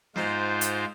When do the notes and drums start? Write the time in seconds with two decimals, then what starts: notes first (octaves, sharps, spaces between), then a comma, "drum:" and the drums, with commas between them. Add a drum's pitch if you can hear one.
0.16 G#2 D#4 F4 C5, drum: snare
0.61 drum: hi-hat